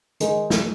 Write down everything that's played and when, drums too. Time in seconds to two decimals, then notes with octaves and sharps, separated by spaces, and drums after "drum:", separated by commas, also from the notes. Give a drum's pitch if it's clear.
0.20 D#3 G#3 D#4 G#4, drum: hi-hat
0.50 drum: snare